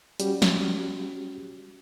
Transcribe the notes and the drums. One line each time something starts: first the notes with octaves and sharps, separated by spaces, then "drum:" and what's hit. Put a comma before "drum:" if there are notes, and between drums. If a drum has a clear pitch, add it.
G3 C#4 F#4 G4, drum: hi-hat
drum: snare